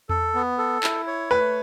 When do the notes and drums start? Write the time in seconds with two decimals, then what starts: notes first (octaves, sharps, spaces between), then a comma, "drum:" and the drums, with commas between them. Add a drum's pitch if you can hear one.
0.09 A4, drum: tom E2
0.35 B3
0.58 A4
0.83 E4, drum: clap
1.07 C#5
1.31 A3 B4